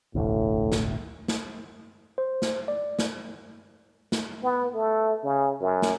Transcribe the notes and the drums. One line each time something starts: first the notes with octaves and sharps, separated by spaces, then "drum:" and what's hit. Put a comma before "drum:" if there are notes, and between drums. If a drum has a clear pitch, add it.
E1 A1 D2 A2
drum: snare
drum: snare
C5
drum: snare
D5
drum: snare
drum: snare
B3
A3
C#3
F#2
drum: snare